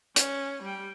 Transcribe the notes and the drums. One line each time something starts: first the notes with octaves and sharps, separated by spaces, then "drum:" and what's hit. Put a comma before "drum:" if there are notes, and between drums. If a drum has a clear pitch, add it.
C#4, drum: hi-hat
G3 G5